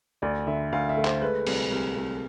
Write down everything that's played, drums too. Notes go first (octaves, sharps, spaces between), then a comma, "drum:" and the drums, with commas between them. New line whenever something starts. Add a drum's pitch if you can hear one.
D2 D5
D3 E5
D2 F5
E5
A3
C5, drum: clap
G#3 B4
C2, drum: cymbal
C2
C2